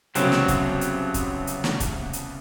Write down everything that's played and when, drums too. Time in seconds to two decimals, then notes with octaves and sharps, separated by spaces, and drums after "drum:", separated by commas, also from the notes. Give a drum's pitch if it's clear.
0.15 C2 C#3 F#3 B3 C4, drum: hi-hat
0.32 drum: snare
0.48 drum: kick, hi-hat
0.81 drum: hi-hat
1.14 drum: kick, hi-hat
1.47 drum: hi-hat
1.64 drum: snare
1.80 drum: kick, hi-hat
2.13 drum: hi-hat